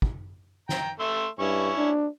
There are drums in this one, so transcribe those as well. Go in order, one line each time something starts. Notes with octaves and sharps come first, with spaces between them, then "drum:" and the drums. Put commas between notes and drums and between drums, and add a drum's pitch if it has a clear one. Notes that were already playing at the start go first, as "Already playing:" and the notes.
drum: kick
G5 A#5, drum: snare
A3 E5 C6
G2 C#4 E4 C#6
D4